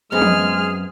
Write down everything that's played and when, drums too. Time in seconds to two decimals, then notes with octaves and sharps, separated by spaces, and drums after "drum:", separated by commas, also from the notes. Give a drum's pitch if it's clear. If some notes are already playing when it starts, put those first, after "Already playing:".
0.12 F#2 G#3 B3 C4 G#4 F6
0.22 drum: tom